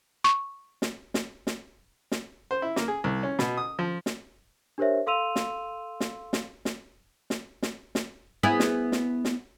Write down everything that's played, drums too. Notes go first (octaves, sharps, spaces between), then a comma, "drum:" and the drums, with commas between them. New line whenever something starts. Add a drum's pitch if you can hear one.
C#6
drum: snare
drum: snare
drum: snare
drum: snare
C5
E4
A#3, drum: snare
G#4
C2
C#4
B2, drum: snare
D#6
F3
drum: snare
D4 G4 A#4 C5 C#5 E5
A4 F5 C6 E6 D#7 F7
drum: snare
drum: snare
drum: snare
drum: snare
drum: snare
drum: snare
drum: snare
B3 E4 G#4
drum: snare
drum: snare
drum: snare